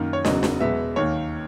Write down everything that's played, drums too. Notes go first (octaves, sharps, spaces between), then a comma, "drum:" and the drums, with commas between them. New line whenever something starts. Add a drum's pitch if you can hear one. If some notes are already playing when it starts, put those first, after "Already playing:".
Already playing: F#2 D#3 A#3
C#5
F#1 E2 C#3 F#3 D#5, drum: snare
drum: snare
E2 B2 G#3 B3 E5
D#2 D#3 A#3 C#5